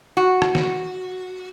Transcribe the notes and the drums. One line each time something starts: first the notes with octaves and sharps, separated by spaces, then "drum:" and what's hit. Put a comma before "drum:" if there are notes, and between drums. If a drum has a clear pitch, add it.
F#4
drum: rim click
drum: snare